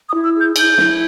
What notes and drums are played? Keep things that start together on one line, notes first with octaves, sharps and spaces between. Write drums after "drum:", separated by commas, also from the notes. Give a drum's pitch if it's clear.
D#6
E4
E6
G#4 G6
E4 G6, drum: cymbal
E4, drum: snare